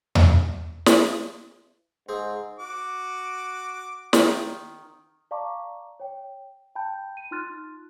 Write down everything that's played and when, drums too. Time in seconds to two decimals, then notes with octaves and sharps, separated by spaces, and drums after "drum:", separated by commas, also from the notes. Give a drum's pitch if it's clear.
0.15 drum: tom E2
0.86 drum: snare
2.09 G#2 C4 G#4
2.59 F#4 D6
4.13 D#3, drum: snare
5.31 D5 F5 A5 A#5 C#6 D6
6.00 C#5 G5
6.75 G5 A5 B5 G6
7.17 D#7
7.31 D#4 F4 C6 F6 F#6 A6